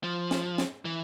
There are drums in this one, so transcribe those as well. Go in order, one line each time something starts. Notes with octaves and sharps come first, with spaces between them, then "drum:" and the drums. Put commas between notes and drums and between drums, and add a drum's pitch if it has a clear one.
F3
drum: snare
drum: snare
E3